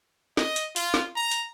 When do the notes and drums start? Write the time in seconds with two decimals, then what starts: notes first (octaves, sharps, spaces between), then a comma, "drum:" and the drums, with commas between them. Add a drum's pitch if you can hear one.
0.37 D#5, drum: snare
0.56 drum: hi-hat
0.76 F4, drum: hi-hat
0.94 drum: snare
1.16 A#5
1.31 drum: hi-hat